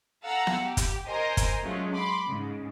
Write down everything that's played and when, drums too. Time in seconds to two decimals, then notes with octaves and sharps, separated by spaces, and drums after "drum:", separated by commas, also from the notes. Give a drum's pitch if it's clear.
0.24 A4 F5 F#5 A#5 E6
0.47 drum: snare B3
0.61 G4
0.77 drum: kick, hi-hat
1.05 A#4 C5 D#5 G#5
1.37 drum: kick, hi-hat
1.63 F#3 G#3 A3 C#4 F4
1.93 B5 C6 D6
2.27 G#2 C#3